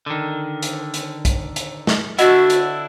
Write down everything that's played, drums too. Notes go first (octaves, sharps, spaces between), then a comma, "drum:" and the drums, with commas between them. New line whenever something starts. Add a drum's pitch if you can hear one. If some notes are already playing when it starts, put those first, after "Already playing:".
D3 D#3
drum: hi-hat
drum: hi-hat
drum: kick, hi-hat
drum: hi-hat
drum: snare
D3 D4 E4 F#4 D#5 F#5, drum: hi-hat
drum: hi-hat